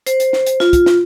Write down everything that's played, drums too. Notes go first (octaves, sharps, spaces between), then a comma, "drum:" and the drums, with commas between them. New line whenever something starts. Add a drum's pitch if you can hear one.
C5, drum: hi-hat
drum: hi-hat
drum: snare
drum: hi-hat
F4, drum: snare
drum: kick, hi-hat
drum: snare